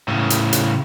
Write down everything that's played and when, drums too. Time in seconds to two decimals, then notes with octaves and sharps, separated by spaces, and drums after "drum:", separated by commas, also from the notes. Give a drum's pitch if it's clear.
0.08 A2 C#3
0.30 drum: hi-hat
0.53 drum: hi-hat